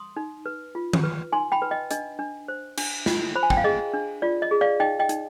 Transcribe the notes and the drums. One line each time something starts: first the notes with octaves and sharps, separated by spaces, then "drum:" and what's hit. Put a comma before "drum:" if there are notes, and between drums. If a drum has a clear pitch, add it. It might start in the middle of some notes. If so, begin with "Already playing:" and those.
Already playing: C6 D#6
D#4
B4
F4
drum: tom D#3
B4
D#4 G#5 C6
G5 B5
B4
D#5 G5
D4 D#5, drum: hi-hat
D4
C5
D4, drum: cymbal
F4, drum: snare
C5 B5
G#5
G5, drum: kick
F5
G#4 D#5
D4
F4 D5
D#5
G#4
D5 F5
D#4 D#5 G5
D#5 G5
D#4, drum: hi-hat